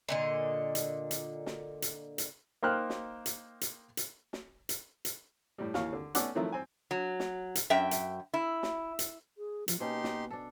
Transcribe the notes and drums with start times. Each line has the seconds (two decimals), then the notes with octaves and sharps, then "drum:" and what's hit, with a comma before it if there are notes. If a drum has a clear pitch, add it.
0.09 A#2 D3 D#5
0.75 drum: hi-hat
1.11 drum: hi-hat
1.46 drum: snare
1.82 drum: hi-hat
2.18 drum: hi-hat
2.63 A#3 D#4 C5 G5 F6 F#6
2.90 drum: snare
3.26 drum: hi-hat
3.61 drum: hi-hat
3.97 drum: hi-hat
4.33 drum: snare
4.69 drum: hi-hat
5.05 drum: hi-hat
5.58 A2 G3
5.74 D#2 E3 C#5 F5, drum: snare
5.93 D3
6.15 A3 B3 C#4 A4 D5 F#5, drum: hi-hat
6.35 D#3 F3 F#3 A3 E4
6.52 C4 G#5
6.91 F#3
7.20 drum: snare
7.55 drum: hi-hat
7.70 F#2 E5 G5
7.91 drum: hi-hat
8.34 E4
8.63 drum: snare
8.99 drum: hi-hat
9.38 G#4
9.68 F3, drum: hi-hat
9.80 B2 A#3 C#4 D#4 G4 C6
10.04 F#4, drum: snare
10.30 D4 A4